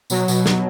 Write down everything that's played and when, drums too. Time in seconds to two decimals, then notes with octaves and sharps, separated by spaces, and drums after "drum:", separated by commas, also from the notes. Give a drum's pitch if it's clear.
0.10 B2 F#3, drum: tambourine
0.28 B2, drum: tambourine
0.46 drum: snare